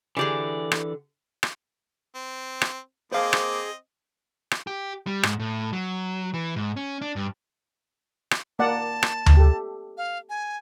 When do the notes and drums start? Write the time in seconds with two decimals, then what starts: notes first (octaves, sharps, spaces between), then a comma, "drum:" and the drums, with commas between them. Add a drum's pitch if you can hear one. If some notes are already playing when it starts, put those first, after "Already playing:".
0.17 D3 E3 G4 G#4 D5
0.72 drum: rim click
1.43 drum: rim click
2.15 C4
2.61 drum: rim click
3.12 A#3 C4 G#4 C5 D#5 F5 D6
3.33 drum: rim click
4.51 drum: rim click
4.67 G4
5.07 G3
5.23 G#2, drum: rim click
5.40 A2
5.73 F#3
6.34 E3
6.56 G#2
6.77 C#4
7.02 D4
7.16 G2
8.31 drum: rim click
8.59 A#3 D5 F#5 A5
9.03 drum: rim click
9.26 drum: tom D2
9.37 G4 A4
9.98 F5
10.29 G#5